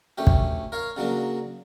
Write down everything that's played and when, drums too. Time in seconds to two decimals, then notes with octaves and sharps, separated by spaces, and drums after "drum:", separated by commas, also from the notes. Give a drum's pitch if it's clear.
0.18 D2 A3 C#4 G4
0.27 drum: kick
0.72 A#4 C#5 F5
0.97 C#3 F#3 A#3 D4